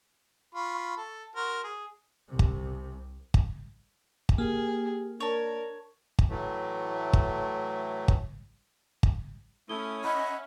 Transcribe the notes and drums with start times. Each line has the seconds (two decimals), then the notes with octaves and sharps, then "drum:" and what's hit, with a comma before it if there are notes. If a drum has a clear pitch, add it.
0.55 F4 B5 C#6
0.97 A4
1.36 F#4 A#4 C5
1.64 G#4
2.28 C2 C3
2.39 drum: kick
3.34 drum: kick
4.29 drum: kick
4.38 A#3 G4 G#4
5.20 D4 A#4 C#5 A5
6.19 drum: kick
6.30 A2 E3 F#3 A3
7.13 drum: kick
8.08 drum: kick
9.03 drum: kick
9.69 A3 C#4 E4 D#6 G7
10.04 D#5 E5 F#5 B5